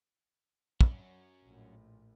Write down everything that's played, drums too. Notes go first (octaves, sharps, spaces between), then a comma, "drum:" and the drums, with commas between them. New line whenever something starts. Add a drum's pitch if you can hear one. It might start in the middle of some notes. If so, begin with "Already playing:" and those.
F#3 C#4, drum: kick
A#1 A2